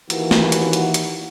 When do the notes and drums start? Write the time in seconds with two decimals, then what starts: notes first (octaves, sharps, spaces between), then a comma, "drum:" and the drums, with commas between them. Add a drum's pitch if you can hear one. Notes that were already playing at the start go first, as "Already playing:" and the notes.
0.10 D#2 E3 A#3 F#4, drum: hi-hat
0.31 drum: snare
0.52 drum: hi-hat
0.73 drum: hi-hat
0.94 drum: hi-hat